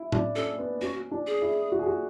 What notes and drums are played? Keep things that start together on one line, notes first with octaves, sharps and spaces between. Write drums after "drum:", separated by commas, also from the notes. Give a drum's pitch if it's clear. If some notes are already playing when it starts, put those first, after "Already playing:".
Already playing: E4
D4, drum: tom A2
C#4 A4
B3
C#4 F#4
D4
G#4
E4
F#4
G#4
F#4